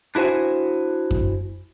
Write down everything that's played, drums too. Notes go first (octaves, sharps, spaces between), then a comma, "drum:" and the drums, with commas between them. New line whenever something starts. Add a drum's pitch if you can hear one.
D4 E4 F#4 C5 G#5
drum: kick F#2